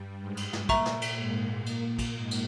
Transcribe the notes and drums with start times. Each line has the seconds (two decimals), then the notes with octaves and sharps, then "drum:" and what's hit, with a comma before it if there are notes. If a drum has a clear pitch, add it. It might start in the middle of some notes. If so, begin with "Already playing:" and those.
Already playing: G2 G3
0.21 G#2 G#3
0.37 drum: cymbal
0.53 drum: snare
0.69 A#2 A#3 E5 A#5 C#6, drum: kick, cymbal
0.85 drum: snare
1.02 drum: cymbal
1.17 G#2 G#3
1.66 A#2 A#3, drum: cymbal
1.99 drum: kick, cymbal
2.15 G#2 G#3
2.31 drum: cymbal